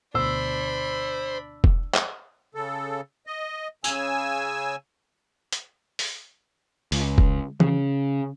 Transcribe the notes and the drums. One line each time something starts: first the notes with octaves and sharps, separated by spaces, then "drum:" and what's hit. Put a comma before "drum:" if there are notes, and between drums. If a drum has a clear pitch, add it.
D2 B2 D4 C5 B5 E6
drum: kick E1
drum: clap
C#3 A4
D#5
C#3 G#5 E6, drum: tambourine
drum: hi-hat
drum: open hi-hat
C#2, drum: open hi-hat
drum: kick E1
C#3, drum: tom E3